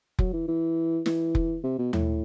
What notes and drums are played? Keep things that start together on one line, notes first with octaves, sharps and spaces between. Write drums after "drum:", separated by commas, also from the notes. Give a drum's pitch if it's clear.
F#3, drum: kick F1
E3
E3
E3, drum: snare
drum: kick F1
C3
B2
A2, drum: tom D#2